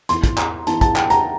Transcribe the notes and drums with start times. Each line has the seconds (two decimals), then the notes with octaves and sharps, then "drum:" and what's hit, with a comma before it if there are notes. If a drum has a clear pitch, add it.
0.09 E2 E3 C6, drum: hi-hat
0.24 drum: kick, hi-hat
0.38 A#5, drum: clap
0.67 E2 E3 A5, drum: hi-hat
0.81 A5, drum: kick, hi-hat
0.96 G5, drum: clap
1.10 A#5, drum: hi-hat